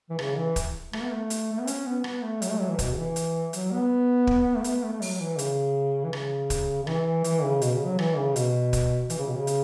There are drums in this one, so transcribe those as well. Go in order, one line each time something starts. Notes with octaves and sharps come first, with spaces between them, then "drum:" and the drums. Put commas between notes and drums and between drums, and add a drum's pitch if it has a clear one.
E3
C#3, drum: rim click
E3
drum: kick, hi-hat
A3, drum: rim click
B3
A3
drum: hi-hat
A3
B3
C#4, drum: hi-hat
B3
B3, drum: rim click
A3
F#3, drum: hi-hat
A3
F#3
E3
B2, drum: kick, hi-hat
C#3
E3
drum: hi-hat
F#3, drum: hi-hat
B3
drum: kick
A3
B3, drum: hi-hat
A3
A3
F#3, drum: open hi-hat
F#3
E3
C#3, drum: hi-hat
E3
C#3, drum: rim click
drum: kick, hi-hat
C#3
E3, drum: rim click
E3, drum: hi-hat
C#3
B2, drum: hi-hat
C#3
F#3
E3, drum: rim click
C#3
B2, drum: hi-hat
drum: kick, hi-hat
E3, drum: hi-hat
C#3
B2
C#3
drum: hi-hat